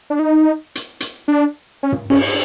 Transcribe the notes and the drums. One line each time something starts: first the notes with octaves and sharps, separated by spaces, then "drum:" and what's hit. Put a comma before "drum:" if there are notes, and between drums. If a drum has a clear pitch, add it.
D4
D#4
drum: hi-hat
drum: hi-hat
D4
C#4
drum: tom
C#4, drum: cymbal